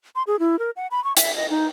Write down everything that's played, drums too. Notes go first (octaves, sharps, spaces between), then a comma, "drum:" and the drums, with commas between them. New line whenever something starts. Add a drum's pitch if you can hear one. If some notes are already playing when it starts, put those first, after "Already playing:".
C6
G#4
E4
A#4
F#5
B5
C#6
E5, drum: hi-hat
D#5
D#4